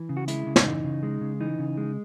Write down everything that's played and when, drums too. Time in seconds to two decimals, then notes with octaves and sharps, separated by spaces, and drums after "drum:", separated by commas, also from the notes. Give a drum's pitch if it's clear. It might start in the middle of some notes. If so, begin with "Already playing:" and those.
Already playing: E3
0.09 C#3
0.17 F#4
0.28 G#3 E4, drum: hi-hat
0.47 C#3
0.56 D#4, drum: snare
0.66 E3
0.84 C#3
1.03 G#3
1.21 C#3
1.40 E3 D#4
1.59 C#3
1.77 G#3